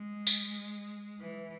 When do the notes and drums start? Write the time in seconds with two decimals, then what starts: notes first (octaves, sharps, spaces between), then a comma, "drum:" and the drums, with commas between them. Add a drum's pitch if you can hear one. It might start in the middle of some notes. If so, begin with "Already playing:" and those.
Already playing: G#3
0.27 drum: tambourine
1.19 E3